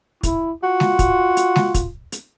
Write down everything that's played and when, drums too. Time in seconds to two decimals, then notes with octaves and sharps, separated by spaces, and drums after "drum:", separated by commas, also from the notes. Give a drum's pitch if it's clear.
0.23 E4, drum: kick, hi-hat
0.64 F4 F#4
0.80 drum: snare G#3
0.99 drum: kick, hi-hat
1.37 drum: hi-hat
1.56 drum: snare G#3
1.74 drum: kick, hi-hat
2.12 drum: hi-hat